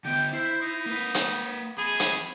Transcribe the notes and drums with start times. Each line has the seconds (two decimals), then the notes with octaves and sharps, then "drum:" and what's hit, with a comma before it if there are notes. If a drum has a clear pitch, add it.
0.05 D3 B3 G5
0.33 E4 C5
0.61 D#4
0.86 A#3 B4
1.14 drum: hi-hat
1.78 F2 G#4 B5
2.00 drum: hi-hat